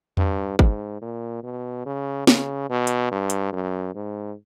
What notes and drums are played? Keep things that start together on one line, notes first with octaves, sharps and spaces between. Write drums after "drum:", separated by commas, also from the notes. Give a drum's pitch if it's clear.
G2, drum: tom E2
G#2, drum: kick
A#2
B2
C#3
C#3, drum: snare
B2
drum: hi-hat
G2
drum: hi-hat
F#2
G#2